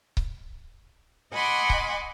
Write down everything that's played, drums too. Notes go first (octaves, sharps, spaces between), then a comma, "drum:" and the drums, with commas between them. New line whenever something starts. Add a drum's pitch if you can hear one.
drum: kick C#1
D#5 F#5 G#5 B5 C6 D6
drum: kick C#1